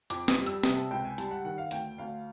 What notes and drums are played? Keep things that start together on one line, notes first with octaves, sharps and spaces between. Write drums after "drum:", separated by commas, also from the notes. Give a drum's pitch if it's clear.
F2 D6, drum: hi-hat
D#6, drum: snare
G3
E6, drum: hi-hat
C3 D#6, drum: snare
A5
C#2 G5
G#5
G3 A5, drum: hi-hat
F#5
D#3 F#5
F5
D2 G5, drum: hi-hat
D2 F5